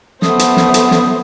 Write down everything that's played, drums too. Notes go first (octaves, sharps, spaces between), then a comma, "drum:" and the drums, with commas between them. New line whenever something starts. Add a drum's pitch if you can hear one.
A3 B3 C5 D#6, drum: snare
drum: hi-hat
drum: snare
drum: hi-hat
drum: snare